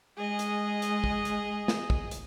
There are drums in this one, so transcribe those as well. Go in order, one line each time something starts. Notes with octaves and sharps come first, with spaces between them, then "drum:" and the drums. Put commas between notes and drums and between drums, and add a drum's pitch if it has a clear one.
G#3 G#4 D#5
drum: hi-hat
drum: hi-hat
drum: kick
drum: hi-hat
drum: snare
drum: kick
drum: hi-hat